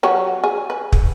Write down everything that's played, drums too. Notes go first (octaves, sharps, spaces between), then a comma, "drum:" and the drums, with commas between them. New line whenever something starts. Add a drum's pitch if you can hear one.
F#3 F#4 G4
G#4
B4
drum: kick